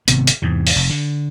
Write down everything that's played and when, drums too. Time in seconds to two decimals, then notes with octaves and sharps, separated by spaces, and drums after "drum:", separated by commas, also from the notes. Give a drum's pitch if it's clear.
0.08 G#1 C3 B3, drum: hi-hat
0.27 drum: hi-hat
0.42 E2 G#2 C3
0.67 drum: open hi-hat
0.76 F1
0.90 D3